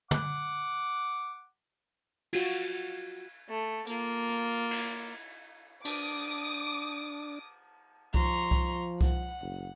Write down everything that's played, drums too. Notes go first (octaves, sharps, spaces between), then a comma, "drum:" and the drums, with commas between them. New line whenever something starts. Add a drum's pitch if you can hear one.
F#5 D6, drum: tom
F4 F#4, drum: cymbal
A3
A#3 F4, drum: tambourine
drum: hi-hat
drum: cymbal
D4 D6 D#6, drum: cymbal
F3 A#5 C6 C#6, drum: kick C2
drum: kick C2
F#5, drum: kick C2
F#1